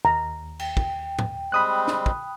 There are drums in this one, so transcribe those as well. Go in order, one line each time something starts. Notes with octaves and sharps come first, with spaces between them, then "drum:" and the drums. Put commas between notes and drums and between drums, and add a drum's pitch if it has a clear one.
D#2 A#5
G5, drum: cymbal
drum: kick
drum: tom
G3 G#3 C4 B5 D#6 F#6
drum: snare
drum: kick